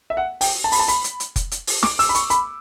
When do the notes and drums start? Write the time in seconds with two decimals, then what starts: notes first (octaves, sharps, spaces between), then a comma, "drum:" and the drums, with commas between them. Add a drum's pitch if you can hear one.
0.10 E5
0.17 F#5
0.41 G5, drum: open hi-hat
0.64 A5
0.72 B5, drum: open hi-hat
0.80 A5
0.88 B5, drum: hi-hat
1.04 drum: hi-hat
1.20 drum: hi-hat
1.36 drum: kick F1, hi-hat
1.51 drum: hi-hat
1.67 drum: open hi-hat
1.83 D6, drum: snare
1.99 E6, drum: open hi-hat
2.09 B5
2.15 C#6, drum: hi-hat
2.30 B5, drum: hi-hat